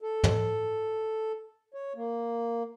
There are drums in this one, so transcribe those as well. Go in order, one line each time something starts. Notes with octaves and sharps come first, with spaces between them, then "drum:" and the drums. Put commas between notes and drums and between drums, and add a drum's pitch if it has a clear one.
A4
drum: tom
C#5
A#3